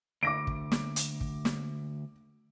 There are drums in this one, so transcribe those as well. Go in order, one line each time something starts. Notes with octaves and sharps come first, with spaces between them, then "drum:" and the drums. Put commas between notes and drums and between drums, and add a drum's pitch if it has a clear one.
D2 D6 A#6 D7
drum: kick
drum: snare
drum: hi-hat
drum: kick
drum: snare